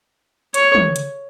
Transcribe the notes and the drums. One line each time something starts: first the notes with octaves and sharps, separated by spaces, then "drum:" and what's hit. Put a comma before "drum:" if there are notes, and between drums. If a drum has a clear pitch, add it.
C#5, drum: hi-hat
drum: tom
drum: hi-hat